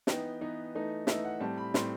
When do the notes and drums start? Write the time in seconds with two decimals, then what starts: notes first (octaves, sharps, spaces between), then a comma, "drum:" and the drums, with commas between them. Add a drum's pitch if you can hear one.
0.07 E3 B3 D#4 G5, drum: snare
0.41 E3 B3 D#4
0.74 E3 A3 D#4
1.07 E3 A3 D#4 E5, drum: snare
1.24 F#5
1.40 A2 G3 C4 A5
1.58 B5
1.74 A2 G3 C4 C6, drum: snare